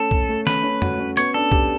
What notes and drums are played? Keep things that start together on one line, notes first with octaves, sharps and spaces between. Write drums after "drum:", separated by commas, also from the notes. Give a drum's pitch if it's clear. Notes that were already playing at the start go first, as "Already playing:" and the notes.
Already playing: A3 C#4 A4
C#4, drum: kick
A3
C#4 B4, drum: snare
C#4
F#4, drum: tom
C#4
B3 C#5, drum: hi-hat
D4 A4
G4, drum: kick